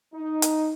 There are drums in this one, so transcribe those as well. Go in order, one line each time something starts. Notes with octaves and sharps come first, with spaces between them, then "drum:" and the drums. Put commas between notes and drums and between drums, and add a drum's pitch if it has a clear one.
D#4
drum: hi-hat